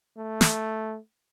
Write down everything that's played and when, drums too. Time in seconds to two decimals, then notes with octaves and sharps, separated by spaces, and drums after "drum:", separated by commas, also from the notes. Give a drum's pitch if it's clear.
0.17 A3
0.41 drum: snare